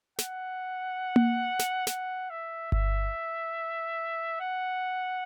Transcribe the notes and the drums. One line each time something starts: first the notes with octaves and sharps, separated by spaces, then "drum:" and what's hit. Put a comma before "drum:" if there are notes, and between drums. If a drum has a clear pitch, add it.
F#5, drum: snare
drum: tom A#3
drum: snare
F#5, drum: snare
E5
E5, drum: kick G1
F#5